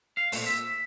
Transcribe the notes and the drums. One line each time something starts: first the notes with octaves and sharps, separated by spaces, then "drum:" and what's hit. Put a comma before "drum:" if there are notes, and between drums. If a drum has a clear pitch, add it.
F5
A#2 A3 C4, drum: open hi-hat
E5